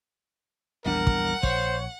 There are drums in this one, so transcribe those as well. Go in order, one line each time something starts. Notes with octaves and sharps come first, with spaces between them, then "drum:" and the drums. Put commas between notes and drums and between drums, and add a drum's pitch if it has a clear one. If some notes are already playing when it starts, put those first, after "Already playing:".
A#1 E2 G3 D4 A#4 F#5
drum: kick
A#1 C5 C#5, drum: kick